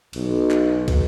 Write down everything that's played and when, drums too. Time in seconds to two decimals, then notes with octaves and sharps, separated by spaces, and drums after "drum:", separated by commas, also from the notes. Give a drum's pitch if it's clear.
0.13 B1, drum: cymbal
0.51 drum: clap
0.88 drum: kick, cymbal